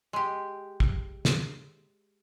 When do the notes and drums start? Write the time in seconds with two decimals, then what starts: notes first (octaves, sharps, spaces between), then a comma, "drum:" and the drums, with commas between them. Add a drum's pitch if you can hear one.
0.13 G#3 G4
0.80 drum: kick
1.25 drum: snare